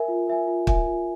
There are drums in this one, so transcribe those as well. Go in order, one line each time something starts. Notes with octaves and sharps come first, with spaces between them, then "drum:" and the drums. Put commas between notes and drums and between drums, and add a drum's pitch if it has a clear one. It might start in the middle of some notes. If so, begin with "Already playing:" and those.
Already playing: A#4 E5 G#5
F4
A#4 E5 G#5
F4
A#4 E5 G#5, drum: kick
F4